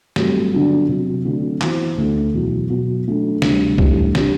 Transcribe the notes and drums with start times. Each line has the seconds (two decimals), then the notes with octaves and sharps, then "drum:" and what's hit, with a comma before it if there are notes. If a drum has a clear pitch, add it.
0.16 G2 F#3 A3 C4 G4, drum: snare
0.52 D3 F#3 B3 D4 F#4
0.89 C3 F#3 C4
1.25 D3 F#3 A3 C4
1.61 E3 B3 F#4 C5, drum: clap
1.98 D2 D3 A3
2.34 E2 B2 F#3
2.70 B2 F#3 B3
3.06 F#3 A3 D4
3.42 D2 C3 G3 D4, drum: snare
3.78 A2 E3 G3 D4 G4, drum: kick C2
4.15 C3 G3 D4 G4, drum: snare